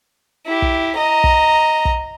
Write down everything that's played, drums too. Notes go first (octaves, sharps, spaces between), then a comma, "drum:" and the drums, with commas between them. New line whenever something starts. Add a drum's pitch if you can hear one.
E4 G4
drum: kick
D#5 A#5
drum: kick
drum: kick